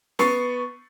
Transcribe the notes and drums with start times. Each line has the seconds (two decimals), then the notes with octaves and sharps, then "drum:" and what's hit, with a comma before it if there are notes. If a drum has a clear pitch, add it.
0.19 B3 C#6 A6 C7, drum: snare